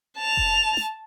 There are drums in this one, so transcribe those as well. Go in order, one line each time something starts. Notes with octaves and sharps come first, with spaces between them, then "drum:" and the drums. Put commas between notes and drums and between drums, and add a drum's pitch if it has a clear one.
A5 F7
drum: kick F1
drum: snare